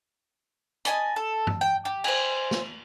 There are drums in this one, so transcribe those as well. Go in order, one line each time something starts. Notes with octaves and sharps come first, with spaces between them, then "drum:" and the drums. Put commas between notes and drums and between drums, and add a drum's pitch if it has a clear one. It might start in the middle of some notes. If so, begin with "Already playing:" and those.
D#5 G#5 A5 B5, drum: hi-hat
A4
drum: tom G2
G5
G4
C5 G#5, drum: cymbal
drum: snare